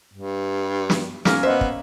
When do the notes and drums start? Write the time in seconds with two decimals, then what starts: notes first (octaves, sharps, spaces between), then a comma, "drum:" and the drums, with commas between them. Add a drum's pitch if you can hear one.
0.14 G2
0.90 drum: snare
1.25 G#2 A#3 C#4, drum: snare
1.43 B3 C5 D#5 E5
1.61 drum: kick